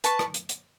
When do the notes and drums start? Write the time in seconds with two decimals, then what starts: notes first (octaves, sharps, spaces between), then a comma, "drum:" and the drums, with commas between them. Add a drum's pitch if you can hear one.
0.04 B4 A5 C#6, drum: hi-hat
0.19 drum: rim click
0.34 drum: hi-hat
0.49 drum: hi-hat